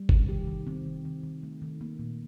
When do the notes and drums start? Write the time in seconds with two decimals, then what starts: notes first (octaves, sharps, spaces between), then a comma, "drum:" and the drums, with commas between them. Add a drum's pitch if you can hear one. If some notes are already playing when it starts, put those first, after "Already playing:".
Already playing: G3
0.09 C3, drum: kick
0.28 D#3 G4
0.47 D#3
0.67 D#3 C4
0.86 D#3
1.05 D#3
1.23 D#3
1.43 A3
1.62 D#3
1.81 A#3
1.99 A#2